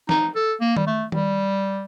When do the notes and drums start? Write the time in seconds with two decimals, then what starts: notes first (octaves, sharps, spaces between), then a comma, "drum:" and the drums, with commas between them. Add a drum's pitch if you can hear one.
0.09 D#4, drum: snare
0.35 A4
0.61 A#3
0.76 G3, drum: tom D#3
0.87 A3
1.12 G3, drum: tom D#3